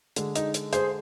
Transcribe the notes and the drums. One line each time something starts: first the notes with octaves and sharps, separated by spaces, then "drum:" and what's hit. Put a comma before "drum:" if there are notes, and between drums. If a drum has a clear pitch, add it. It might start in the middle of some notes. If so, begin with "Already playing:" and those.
D3 G#3, drum: hi-hat
D#4, drum: hi-hat
drum: hi-hat
G#4 C5, drum: hi-hat